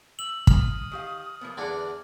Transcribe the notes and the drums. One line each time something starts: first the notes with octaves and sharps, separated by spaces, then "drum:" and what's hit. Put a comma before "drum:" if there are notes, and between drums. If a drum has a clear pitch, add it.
E6 F#7
D#6 F6, drum: kick
D#3 G4 F5
F3 A#3 B3
E2 D3 D4 B4 F#5